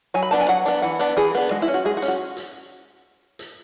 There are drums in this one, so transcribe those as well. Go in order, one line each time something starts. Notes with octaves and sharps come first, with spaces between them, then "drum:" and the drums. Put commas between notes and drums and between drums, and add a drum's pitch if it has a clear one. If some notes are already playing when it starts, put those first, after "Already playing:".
F#3 G#5
B5
B3 D4 A5
G#5
F#3 F#5
B3 D4, drum: hi-hat
E3 F#5
B3 D4, drum: hi-hat
E3 G#4
B3 D4
G#3 F#4
E4
C#4
F#4
G#3 G#4
F#4
C#4, drum: hi-hat
F#4
drum: hi-hat
drum: hi-hat